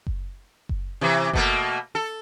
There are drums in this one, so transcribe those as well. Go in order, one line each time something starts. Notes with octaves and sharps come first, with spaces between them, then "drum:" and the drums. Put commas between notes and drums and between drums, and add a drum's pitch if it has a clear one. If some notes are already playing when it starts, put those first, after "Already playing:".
drum: kick F#1
drum: kick F#1
C3 E3
B2 A3 A#3, drum: kick F#1
A4